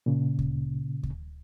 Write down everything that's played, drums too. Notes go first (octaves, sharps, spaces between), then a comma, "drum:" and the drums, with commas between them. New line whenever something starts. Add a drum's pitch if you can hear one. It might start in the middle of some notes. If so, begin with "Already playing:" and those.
A#2 C#3
drum: kick D2
drum: kick D2